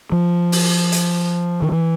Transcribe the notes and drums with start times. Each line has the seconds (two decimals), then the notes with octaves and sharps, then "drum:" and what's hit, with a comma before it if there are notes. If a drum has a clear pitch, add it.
0.12 F3
0.52 drum: open hi-hat
0.92 drum: hi-hat
1.62 D#3
1.72 E3